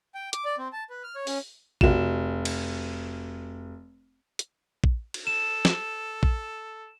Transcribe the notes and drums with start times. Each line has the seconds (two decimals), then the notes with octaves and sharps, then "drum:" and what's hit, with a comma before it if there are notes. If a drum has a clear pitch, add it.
0.14 G5
0.33 D6, drum: hi-hat
0.45 D5
0.58 C4
0.73 A5
0.90 B4
1.04 F6
1.15 C#5
1.27 C#4, drum: open hi-hat
1.81 F1 F#4 E7, drum: kick
2.45 drum: cymbal
4.39 drum: hi-hat
4.84 drum: kick
5.14 drum: cymbal
5.27 A4 E7
5.65 drum: snare
6.23 drum: kick